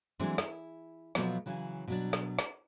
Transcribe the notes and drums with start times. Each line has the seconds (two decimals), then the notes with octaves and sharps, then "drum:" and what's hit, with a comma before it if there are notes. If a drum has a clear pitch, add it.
0.19 E3 F#3 G#3 A3 C4 D4
0.38 E4, drum: snare
1.15 B2 F3 F#3 A3 B3 F4, drum: snare
1.46 C#3 E3 F#3
1.88 B2 F#3 D4
2.13 drum: snare
2.39 drum: snare